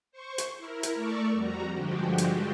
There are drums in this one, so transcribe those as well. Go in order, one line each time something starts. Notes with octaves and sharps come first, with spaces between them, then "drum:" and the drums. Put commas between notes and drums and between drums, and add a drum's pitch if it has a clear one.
C5 C#6
drum: hi-hat
E4 A#4
drum: hi-hat
A3 A4 A#4 D5 C#6
F2 G3 F#4 A#5
G2 D3 F3 G#3 F#4 G4
drum: hi-hat